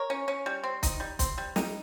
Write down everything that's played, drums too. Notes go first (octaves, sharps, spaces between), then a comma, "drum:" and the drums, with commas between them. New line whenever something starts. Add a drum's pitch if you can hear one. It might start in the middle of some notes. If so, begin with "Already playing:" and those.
Already playing: A#4 C#5
C#4
C#4
G3
C4
D#4, drum: kick, hi-hat
G3
C4, drum: kick, hi-hat
G3
D#4, drum: snare